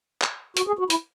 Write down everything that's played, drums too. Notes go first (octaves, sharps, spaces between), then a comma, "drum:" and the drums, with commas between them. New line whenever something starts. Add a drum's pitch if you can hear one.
drum: clap
F#4, drum: hi-hat
G#4
F#4
E4, drum: hi-hat